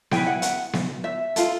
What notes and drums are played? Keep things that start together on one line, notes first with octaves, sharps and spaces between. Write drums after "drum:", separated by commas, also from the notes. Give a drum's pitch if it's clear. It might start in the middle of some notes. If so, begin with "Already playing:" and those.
E4 G#4 B4 G5, drum: snare B3
F#5
F#5, drum: hi-hat
drum: snare B3
E5
F4 A4, drum: hi-hat